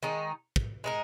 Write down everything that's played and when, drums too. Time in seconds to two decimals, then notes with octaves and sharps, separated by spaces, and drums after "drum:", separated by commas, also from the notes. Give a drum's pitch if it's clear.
0.03 D#3 G#3 D#4
0.56 drum: kick
0.84 G#3 D#4 A#4